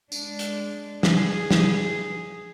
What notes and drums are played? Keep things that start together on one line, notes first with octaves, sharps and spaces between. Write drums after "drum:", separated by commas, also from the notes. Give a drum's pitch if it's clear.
G#3 D4, drum: tambourine
drum: hi-hat
G#4, drum: snare
drum: snare